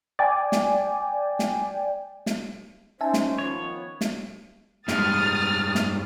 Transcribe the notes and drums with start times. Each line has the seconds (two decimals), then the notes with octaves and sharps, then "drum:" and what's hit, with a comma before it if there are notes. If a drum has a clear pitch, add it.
0.19 D5 G5 G#5
0.52 drum: snare
1.39 drum: snare
2.26 drum: snare
3.01 C#4 D#4 C5 E5 G#5 A5
3.14 drum: snare
3.38 D#3 F3 B3 C#5
4.01 drum: snare
4.88 G2 G#3 D#6 F6 A6, drum: snare
5.75 drum: snare